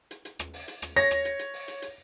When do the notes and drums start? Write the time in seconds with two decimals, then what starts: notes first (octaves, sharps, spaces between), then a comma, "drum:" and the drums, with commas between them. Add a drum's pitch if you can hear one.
0.11 drum: hi-hat
0.25 drum: hi-hat
0.39 drum: rim click
0.54 drum: open hi-hat
0.68 drum: hi-hat
0.82 drum: rim click
0.96 C#5 A#6, drum: hi-hat
1.11 drum: rim click
1.25 drum: hi-hat
1.39 drum: hi-hat
1.54 drum: open hi-hat
1.68 drum: hi-hat
1.82 drum: hi-hat